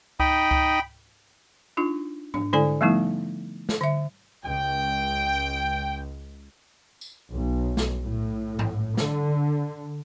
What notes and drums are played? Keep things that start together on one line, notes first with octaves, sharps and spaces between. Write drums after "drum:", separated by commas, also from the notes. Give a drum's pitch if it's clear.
D#4 G5 B5, drum: kick C#2
drum: kick C#2
D4 D#4 F4
D4, drum: tom
D3 E4 A4 D5 G#5, drum: tom G#3
F3 G3 A3 B3 D#4 E4
drum: snare
D3 E5
C#2 G5
drum: tambourine
B1
drum: snare
A2
drum: tom
D3, drum: snare